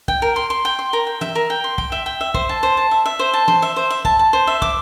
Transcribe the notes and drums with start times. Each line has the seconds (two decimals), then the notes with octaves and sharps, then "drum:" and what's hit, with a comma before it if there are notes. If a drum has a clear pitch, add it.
0.08 G5, drum: kick
0.22 A#4
0.36 C6
0.50 C6
0.65 G5
0.79 C6
0.93 A#4
1.07 G5
1.21 E5, drum: tom E3
1.35 A#4
1.50 G5
1.64 C6
1.78 G5, drum: kick
1.92 E5
2.06 G5
2.21 E5
2.34 C5, drum: kick
2.49 A5
2.63 C5
2.77 A5
2.91 E5
3.06 E5
3.19 C5
3.33 A5
3.48 C5, drum: tom E3
3.62 E5
3.76 C5
3.90 E5
4.05 A5, drum: kick
4.19 A5
4.33 C5
4.47 E5
4.62 D6, drum: kick